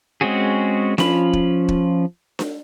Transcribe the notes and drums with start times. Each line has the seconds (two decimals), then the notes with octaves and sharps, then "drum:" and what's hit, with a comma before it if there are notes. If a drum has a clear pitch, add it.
0.21 G#3 C4 C#4 F#4 G#4
0.98 F3 C#4 F4 B5, drum: snare D4
1.33 drum: kick
1.68 drum: kick
2.39 drum: snare D4